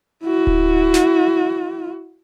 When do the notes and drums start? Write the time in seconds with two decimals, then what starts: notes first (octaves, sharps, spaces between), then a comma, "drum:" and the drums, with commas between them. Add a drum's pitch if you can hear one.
0.23 E4 F#4
0.47 drum: kick D1
0.94 drum: snare